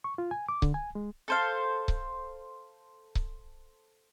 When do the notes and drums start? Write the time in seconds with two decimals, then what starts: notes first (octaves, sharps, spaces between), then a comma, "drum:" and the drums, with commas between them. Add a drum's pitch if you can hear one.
0.04 C#6
0.18 F4
0.31 G#5
0.49 D6
0.62 D3, drum: kick C#1
0.74 G#5
0.95 G#3
1.28 A4 C5 F5
1.88 drum: kick C#1
3.15 drum: kick C#1